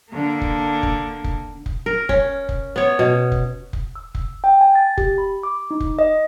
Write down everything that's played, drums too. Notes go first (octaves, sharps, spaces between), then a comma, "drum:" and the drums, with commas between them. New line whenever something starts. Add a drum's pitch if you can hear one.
D3 A#3
drum: kick F1
drum: kick F1
drum: kick F1
drum: kick F1
A#4
C#4, drum: kick F1
drum: kick F1
B3 C#5
B2
drum: kick F1
drum: kick F1
E6
drum: kick F1
G5
G#5
A6
G4, drum: kick F1
B5
D6
D#4
drum: kick F1
D#5